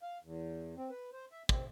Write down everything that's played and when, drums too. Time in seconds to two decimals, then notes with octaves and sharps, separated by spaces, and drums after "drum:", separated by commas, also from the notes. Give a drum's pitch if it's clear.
0.02 F5
0.23 E2
0.76 C4
0.90 B4
1.12 C5
1.32 E5
1.49 C4, drum: kick